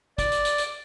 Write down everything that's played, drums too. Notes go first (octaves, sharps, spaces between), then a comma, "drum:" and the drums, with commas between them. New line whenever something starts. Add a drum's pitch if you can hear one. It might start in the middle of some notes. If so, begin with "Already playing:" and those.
D5, drum: kick, hi-hat
drum: hi-hat
drum: hi-hat
drum: hi-hat